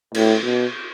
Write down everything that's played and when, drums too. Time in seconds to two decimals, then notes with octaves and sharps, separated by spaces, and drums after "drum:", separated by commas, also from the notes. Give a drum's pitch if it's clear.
0.14 A2, drum: cymbal
0.44 B2